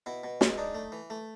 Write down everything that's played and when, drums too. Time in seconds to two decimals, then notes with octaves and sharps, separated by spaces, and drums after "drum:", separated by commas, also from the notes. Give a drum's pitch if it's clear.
0.06 B2 E4
0.24 B2
0.41 G#3, drum: snare
0.58 D4 D#4
0.74 A3
0.92 E3
1.10 A3